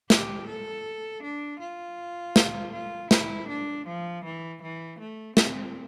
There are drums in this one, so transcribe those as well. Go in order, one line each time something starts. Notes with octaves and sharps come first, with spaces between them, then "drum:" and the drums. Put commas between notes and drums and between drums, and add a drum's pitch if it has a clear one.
G4, drum: snare
A4
D4
F4
drum: snare
F4
E4, drum: snare
D4
F3
E3
E3
A3
C4, drum: snare